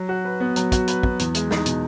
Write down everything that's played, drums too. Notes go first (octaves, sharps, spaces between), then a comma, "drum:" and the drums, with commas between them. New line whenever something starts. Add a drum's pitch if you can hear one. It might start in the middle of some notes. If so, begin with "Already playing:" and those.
Already playing: F#3
F#4
B4
B3
F#3, drum: hi-hat
F#4, drum: kick, hi-hat
B4, drum: hi-hat
B3, drum: kick
E2, drum: hi-hat
G#3, drum: hi-hat
D#4, drum: snare
B2, drum: hi-hat